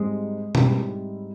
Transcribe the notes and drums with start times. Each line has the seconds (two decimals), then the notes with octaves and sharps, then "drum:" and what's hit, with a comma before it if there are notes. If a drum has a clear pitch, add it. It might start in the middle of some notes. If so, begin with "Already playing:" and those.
Already playing: G#2 G3 G#3 C4
0.55 G#2 G3 C4 E4, drum: tom B2